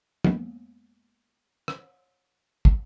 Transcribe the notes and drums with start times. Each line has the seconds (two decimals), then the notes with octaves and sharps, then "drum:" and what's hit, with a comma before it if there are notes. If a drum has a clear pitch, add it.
0.25 F2 G#3 A#3 B3, drum: tom
1.68 drum: rim click
2.65 drum: kick